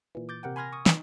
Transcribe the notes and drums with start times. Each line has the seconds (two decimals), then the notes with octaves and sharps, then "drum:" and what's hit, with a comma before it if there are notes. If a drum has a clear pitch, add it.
0.15 A#2 E3
0.29 D6 G6 A6
0.43 C3 A#4 F#5 G5
0.56 G#5 B5 C6 F6 G#6 A#6
0.73 C#6 D#6
0.86 D#4, drum: snare